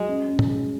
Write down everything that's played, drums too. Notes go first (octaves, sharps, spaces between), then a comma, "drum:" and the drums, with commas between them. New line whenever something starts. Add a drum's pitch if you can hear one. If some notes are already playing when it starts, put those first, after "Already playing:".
Already playing: F#3 G#3
C#4
C#4
drum: tom A2
G#3